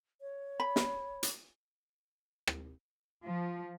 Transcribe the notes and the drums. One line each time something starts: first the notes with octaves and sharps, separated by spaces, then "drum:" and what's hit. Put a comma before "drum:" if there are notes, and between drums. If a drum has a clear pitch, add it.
C#5
B5
drum: snare
drum: hi-hat
drum: rim click
F3